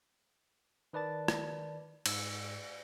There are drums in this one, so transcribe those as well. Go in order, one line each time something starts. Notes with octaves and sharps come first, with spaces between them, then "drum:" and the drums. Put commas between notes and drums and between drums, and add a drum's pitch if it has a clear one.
D#3 B4 D5 A5 A6
drum: rim click
G#2 E6, drum: cymbal